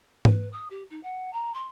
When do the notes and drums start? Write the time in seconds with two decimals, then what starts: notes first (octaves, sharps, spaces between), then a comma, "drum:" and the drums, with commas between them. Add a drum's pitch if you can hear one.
0.25 B4, drum: tom G#2
0.52 D#6
0.70 G4
0.90 D#4
1.03 F#5
1.33 A#5
1.54 C6